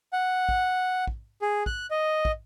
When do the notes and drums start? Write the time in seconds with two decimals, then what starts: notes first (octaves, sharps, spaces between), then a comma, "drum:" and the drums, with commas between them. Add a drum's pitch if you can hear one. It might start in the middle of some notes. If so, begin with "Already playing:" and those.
0.13 F#5
0.49 drum: kick
1.07 drum: kick
1.42 G#4
1.66 F#6, drum: kick
1.91 D#5
2.25 drum: kick